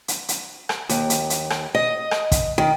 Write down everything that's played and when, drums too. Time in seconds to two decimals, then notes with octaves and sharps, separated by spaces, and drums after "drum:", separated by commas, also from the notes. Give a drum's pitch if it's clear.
0.08 drum: hi-hat
0.29 drum: hi-hat
0.69 drum: rim click
0.89 D#2, drum: hi-hat
1.10 drum: hi-hat
1.30 drum: hi-hat
1.50 drum: rim click
1.75 D#5
2.11 drum: rim click
2.32 drum: kick, hi-hat
2.58 D#3